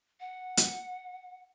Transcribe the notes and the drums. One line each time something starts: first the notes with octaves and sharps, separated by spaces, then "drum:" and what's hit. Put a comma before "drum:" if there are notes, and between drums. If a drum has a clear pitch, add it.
F#5
drum: hi-hat